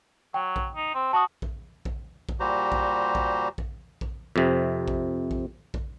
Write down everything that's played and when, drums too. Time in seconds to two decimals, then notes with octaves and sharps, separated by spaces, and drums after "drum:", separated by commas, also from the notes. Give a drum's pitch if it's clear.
0.34 F#3 G5
0.56 drum: kick A#1
0.75 D#4
0.94 C4
1.13 F#4 A5 D#6
1.42 drum: kick A#1
1.85 drum: kick A#1
2.29 drum: kick A#1
2.40 A#2 G3 F#4 G4 C5 A#5
2.72 drum: kick A#1
3.15 drum: kick A#1
3.58 drum: kick A#1
4.01 drum: kick A#1
4.36 F2 C3
4.88 drum: kick A#1
5.31 drum: kick A#1
5.74 drum: kick A#1